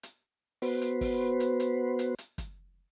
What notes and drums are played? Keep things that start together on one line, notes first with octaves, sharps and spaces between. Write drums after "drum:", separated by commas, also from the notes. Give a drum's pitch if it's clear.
drum: hi-hat
B3 F#4 B4 C5, drum: open hi-hat
drum: hi-hat
drum: kick, open hi-hat
drum: hi-hat
drum: hi-hat
drum: hi-hat
drum: hi-hat
drum: kick, hi-hat